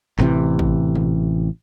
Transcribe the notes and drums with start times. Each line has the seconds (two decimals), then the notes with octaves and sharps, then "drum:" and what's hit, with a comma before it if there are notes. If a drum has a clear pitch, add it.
0.18 A1 C3 E3, drum: clap
0.59 drum: kick
0.95 drum: tom A#2